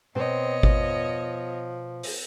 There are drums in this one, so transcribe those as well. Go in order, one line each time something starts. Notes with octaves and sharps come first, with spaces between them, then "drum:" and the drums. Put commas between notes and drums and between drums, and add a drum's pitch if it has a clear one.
B2 B3 C4 C5 C#5 D#5
F3, drum: kick G#1
drum: open hi-hat